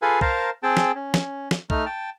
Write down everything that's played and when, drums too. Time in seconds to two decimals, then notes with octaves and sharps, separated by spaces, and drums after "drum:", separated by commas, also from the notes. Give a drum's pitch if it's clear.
0.02 F4 G#4 A4 B4 F5 G#5
0.21 A#4 C5 F5 A5 A#5, drum: kick
0.63 C4 G#4 G5 A5
0.77 drum: snare
0.95 C#4
1.14 drum: snare
1.51 drum: snare
1.70 A3 D#4 F6, drum: kick
1.86 G5 A5